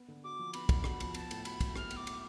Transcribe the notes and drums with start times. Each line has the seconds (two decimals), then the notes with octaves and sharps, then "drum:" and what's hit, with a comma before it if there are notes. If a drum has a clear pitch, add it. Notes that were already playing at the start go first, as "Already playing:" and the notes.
Already playing: B3
0.08 D3
0.24 F#4 D6
0.39 F3
0.53 B3 B5, drum: cymbal
0.69 D3, drum: kick, cymbal
0.84 F#4, drum: rim click
1.00 F3, drum: cymbal
1.14 B3 A5, drum: cymbal
1.31 A2, drum: cymbal
1.45 F#4 B5, drum: cymbal
1.61 F#3, drum: kick, cymbal
1.76 B3 F6, drum: rim click
1.91 A2, drum: cymbal
1.96 D6
2.07 F#4, drum: cymbal